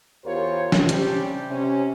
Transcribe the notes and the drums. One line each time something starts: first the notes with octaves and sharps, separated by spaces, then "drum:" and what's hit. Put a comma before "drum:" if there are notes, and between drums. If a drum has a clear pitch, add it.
E2 F4 G4 A#4 C5 C#5
drum: snare
C3 G3 C#4 D4 G4, drum: hi-hat
C3 C#4